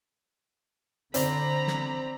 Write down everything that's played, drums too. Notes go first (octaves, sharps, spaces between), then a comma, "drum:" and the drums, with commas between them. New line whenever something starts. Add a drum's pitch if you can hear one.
D3 C4 D5 A#5 B5, drum: hi-hat
drum: snare